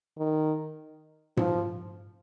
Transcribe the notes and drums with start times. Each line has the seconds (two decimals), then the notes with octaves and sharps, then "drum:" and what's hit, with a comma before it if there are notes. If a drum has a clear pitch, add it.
0.18 D#3
1.37 F3, drum: tom G#2